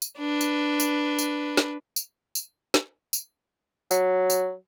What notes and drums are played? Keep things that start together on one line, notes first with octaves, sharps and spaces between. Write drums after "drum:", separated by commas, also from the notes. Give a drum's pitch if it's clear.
drum: tambourine
D4 B4
drum: tambourine
drum: tambourine
drum: tambourine
drum: snare
drum: tambourine
drum: tambourine
drum: snare
drum: tambourine
F#3, drum: tambourine
drum: tambourine